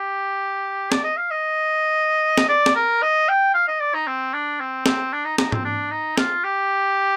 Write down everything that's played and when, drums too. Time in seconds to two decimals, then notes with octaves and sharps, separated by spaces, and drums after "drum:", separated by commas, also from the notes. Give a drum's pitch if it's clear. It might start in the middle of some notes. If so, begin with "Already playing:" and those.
Already playing: G4
0.92 D5, drum: snare
1.04 D#5
1.17 F5
1.31 D#5
2.38 drum: snare
2.49 D5
2.66 drum: snare
2.76 A#4
3.02 D#5
3.29 G5
3.54 F5
3.68 D#5
3.80 D5
3.94 D#4
4.07 C4
4.33 D4
4.60 C4
4.86 C4, drum: snare
5.13 D4
5.25 D#4
5.38 D#4, drum: snare
5.52 C4, drum: tom
5.65 D4
5.91 D#4
6.18 F4, drum: snare
6.44 G4